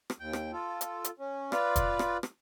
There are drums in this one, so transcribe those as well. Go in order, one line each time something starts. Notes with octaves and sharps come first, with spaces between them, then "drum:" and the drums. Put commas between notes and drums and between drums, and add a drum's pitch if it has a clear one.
drum: rim click
D#2 G5
drum: rim click
F4 A4
drum: hi-hat
drum: hi-hat
C#4
F4 B4 D5 F5, drum: rim click
drum: kick, hi-hat
drum: rim click
drum: rim click